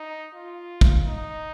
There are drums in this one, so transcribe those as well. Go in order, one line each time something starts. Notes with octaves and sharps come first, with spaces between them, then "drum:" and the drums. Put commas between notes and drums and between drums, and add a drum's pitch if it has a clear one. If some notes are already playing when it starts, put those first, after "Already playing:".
Already playing: D#4
F4
drum: kick
D#4